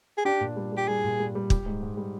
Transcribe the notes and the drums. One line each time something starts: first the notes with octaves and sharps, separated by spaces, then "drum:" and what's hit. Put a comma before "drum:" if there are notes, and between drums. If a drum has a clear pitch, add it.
G#4
D4 G4
A#2
G3
G3 G4
G3 G#4
A#2
G3
G3
G4, drum: kick
G#2
G#2
G3